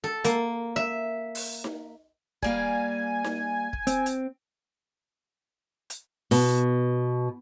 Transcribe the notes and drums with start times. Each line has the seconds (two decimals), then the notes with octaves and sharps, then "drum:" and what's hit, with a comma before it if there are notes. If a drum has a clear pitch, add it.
0.04 A4
0.24 A#3, drum: hi-hat
0.76 E5
1.35 drum: open hi-hat
1.64 drum: snare D#4
2.42 G3 A#3 F5 G#5, drum: kick
3.24 drum: snare D#4
3.73 drum: kick
3.87 C4, drum: hi-hat
4.06 drum: hi-hat
5.90 drum: hi-hat
6.31 B2, drum: open hi-hat